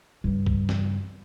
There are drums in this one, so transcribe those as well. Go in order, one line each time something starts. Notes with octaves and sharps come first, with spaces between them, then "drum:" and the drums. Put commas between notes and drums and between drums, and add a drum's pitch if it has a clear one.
G2 C#3
drum: kick
drum: snare